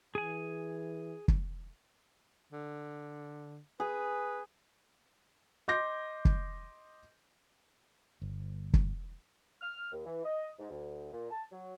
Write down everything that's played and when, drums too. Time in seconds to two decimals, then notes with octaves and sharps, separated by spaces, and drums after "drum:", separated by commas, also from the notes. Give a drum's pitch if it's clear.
0.15 E3 G#4 G#5
1.28 drum: kick
2.52 D3
3.80 G#4 B4
5.68 D#5 C6 D6 G6 A#6
6.25 drum: kick
8.22 G1
8.74 drum: kick
9.61 F6
9.92 D#2
10.06 E3
10.24 D#5
10.59 G#2
10.71 D2
11.12 A#2
11.30 A5
11.52 F#3